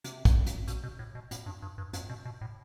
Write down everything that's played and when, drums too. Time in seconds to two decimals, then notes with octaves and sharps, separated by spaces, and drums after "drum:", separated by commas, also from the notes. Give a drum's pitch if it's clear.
0.04 C3, drum: hi-hat
0.25 drum: kick, hi-hat
0.46 drum: hi-hat
0.68 B2, drum: hi-hat
0.83 B2
0.99 A2
1.15 B2
1.31 A2, drum: hi-hat
1.46 G2
1.62 G2
1.78 G2
1.93 G2, drum: hi-hat
2.10 B2
2.25 B2
2.41 A2